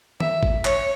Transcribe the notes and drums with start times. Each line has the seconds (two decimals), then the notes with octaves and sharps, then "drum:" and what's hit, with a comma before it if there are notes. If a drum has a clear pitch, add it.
0.20 E5, drum: tom D#3
0.43 drum: kick G#1
0.65 C#5, drum: clap